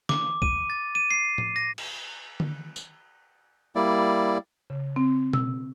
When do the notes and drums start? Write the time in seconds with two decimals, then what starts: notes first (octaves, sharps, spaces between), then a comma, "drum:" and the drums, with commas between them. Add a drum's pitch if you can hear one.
0.09 D6, drum: snare
0.42 D#7, drum: kick
0.70 A6
0.95 D#7
1.11 C7
1.38 drum: tom A2
1.56 A#6
1.78 drum: cymbal
2.40 drum: tom
2.76 drum: tambourine
3.76 G3 A#3 E4 D5
4.70 C#3
4.96 C4
5.33 E6, drum: tom B2